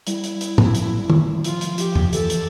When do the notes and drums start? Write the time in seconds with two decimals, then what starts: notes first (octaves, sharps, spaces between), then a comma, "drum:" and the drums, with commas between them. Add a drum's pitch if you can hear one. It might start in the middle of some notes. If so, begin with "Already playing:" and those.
0.07 G3 E4, drum: hi-hat
0.24 drum: hi-hat
0.41 drum: hi-hat
0.58 drum: tom
0.75 F3, drum: hi-hat
0.98 G3
1.10 drum: tom
1.21 A3
1.34 G3
1.44 F3 F4, drum: hi-hat
1.61 drum: hi-hat
1.78 F3 G4, drum: hi-hat
1.96 drum: tom
2.13 E3 A4, drum: hi-hat
2.30 drum: hi-hat